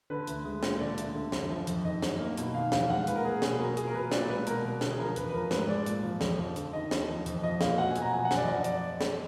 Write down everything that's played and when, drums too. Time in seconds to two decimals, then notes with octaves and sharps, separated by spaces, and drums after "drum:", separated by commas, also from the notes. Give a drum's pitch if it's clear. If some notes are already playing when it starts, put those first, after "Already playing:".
0.10 D3 B4
0.27 D2, drum: hi-hat
0.45 G#3
0.63 A#2, drum: snare
0.80 D3 D5
0.98 D2, drum: hi-hat
1.15 D3
1.32 F#2, drum: snare
1.50 F3
1.67 F2, drum: hi-hat
1.85 D#3 D#5
2.02 F#2, drum: snare
2.20 A#3
2.37 B2, drum: hi-hat
2.55 D#3 F5
2.72 F2 F5, drum: snare
2.90 G#3 F#5
2.98 F5
3.07 A#2 B4, drum: hi-hat
3.16 A#4
3.25 A#3 G#4
3.42 B2 G#4, drum: snare
3.59 F#3 A#4
3.77 A#2 G#4, drum: hi-hat
3.87 A#4
3.94 F#3 B4
4.12 A#2 D5, drum: snare
4.29 G#3 B4
4.47 B2 A#4, drum: hi-hat
4.65 F#3
4.81 D3, drum: snare
4.91 G#4
4.99 F3 A#4
5.16 F2 B4, drum: hi-hat
5.29 B4
5.34 F3 A#4
5.51 G#2 B4, drum: snare
5.69 G#3 D5
5.86 A#2, drum: hi-hat
6.03 F3
6.21 F2, drum: snare
6.39 F3
6.56 D3, drum: hi-hat
6.73 D#3 D#5
6.91 D#2, drum: snare
7.09 F3
7.26 F2, drum: hi-hat
7.43 F3 D#5
7.61 A#2 F5, drum: snare
7.78 F#3 F#5
7.90 G#5
7.96 B2, drum: hi-hat
8.02 A#5
8.13 F3 G#5
8.25 F#5
8.31 F#2, drum: snare
8.37 D5
8.43 D#5
8.48 F3 D5
8.58 D#5
8.64 D5, drum: hi-hat
9.01 drum: snare